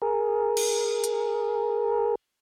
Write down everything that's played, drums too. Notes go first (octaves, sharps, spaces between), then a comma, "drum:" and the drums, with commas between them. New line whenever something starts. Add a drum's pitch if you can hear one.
G#4 A#4
drum: cymbal
drum: hi-hat